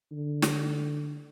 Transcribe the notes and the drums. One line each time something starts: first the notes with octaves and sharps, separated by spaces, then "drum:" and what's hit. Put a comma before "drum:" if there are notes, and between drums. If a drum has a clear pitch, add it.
D3
drum: snare